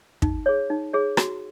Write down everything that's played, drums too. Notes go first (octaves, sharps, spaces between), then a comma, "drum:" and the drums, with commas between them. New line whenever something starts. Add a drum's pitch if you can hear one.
D#4, drum: kick
G#4 C#5
D#4
G#4 C#5
F#4, drum: rim click